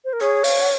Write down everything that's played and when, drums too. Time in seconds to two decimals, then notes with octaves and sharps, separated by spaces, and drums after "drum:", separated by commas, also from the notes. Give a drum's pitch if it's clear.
0.05 C5
0.13 A#4
0.21 G#4 C#5
0.44 F5, drum: open hi-hat
0.62 F#5